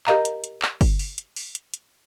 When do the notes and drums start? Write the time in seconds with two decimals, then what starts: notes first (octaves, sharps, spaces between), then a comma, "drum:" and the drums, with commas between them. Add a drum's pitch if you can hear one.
0.07 G4 A#4 D#5 F5 A#5, drum: clap
0.25 drum: hi-hat
0.44 drum: hi-hat
0.62 drum: clap
0.81 drum: kick, open hi-hat
0.99 drum: open hi-hat
1.18 drum: hi-hat
1.36 drum: open hi-hat
1.55 drum: hi-hat
1.74 drum: hi-hat